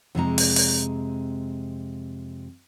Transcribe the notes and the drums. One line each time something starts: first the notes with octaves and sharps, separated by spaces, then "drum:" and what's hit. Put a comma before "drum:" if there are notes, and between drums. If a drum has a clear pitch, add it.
F2 C3 G#3 A#5
drum: open hi-hat
drum: open hi-hat